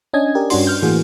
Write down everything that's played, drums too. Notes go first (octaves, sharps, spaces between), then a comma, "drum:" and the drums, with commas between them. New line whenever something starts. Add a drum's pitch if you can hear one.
C#4 D4 D#5 G#5 G#6
G4 A#4 D5
G2 C#4 D4 F#4 C6, drum: open hi-hat
F6 G6
A2 E3 A#3 F#4 G#4